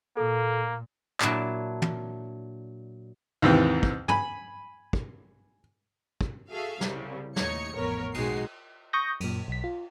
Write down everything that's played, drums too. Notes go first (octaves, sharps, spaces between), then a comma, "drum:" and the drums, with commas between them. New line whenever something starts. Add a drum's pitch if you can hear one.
A#2 A#3 A4
A#2 F#3 D4 E4 A5, drum: clap
drum: tom
D#2 G#2 C3 E3
drum: kick
G#5 B5, drum: tom
drum: kick
drum: kick
F#4 G#4 A4 E5 F5
C2 C#3 G3, drum: snare
D#2 A2 D#4 C#5 G#6 C#7, drum: snare
A1 F2 B3 A#4 C#5
B1 G#3 D#4 F#4 G#4 C7, drum: cymbal
C#6 D#6 G6 A#6
F#2 A#2, drum: cymbal
B1 B6
F4